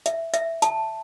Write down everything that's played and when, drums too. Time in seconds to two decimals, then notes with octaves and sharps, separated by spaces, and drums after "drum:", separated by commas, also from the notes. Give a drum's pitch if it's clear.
0.06 E5, drum: hi-hat
0.34 E5, drum: hi-hat
0.62 A5, drum: hi-hat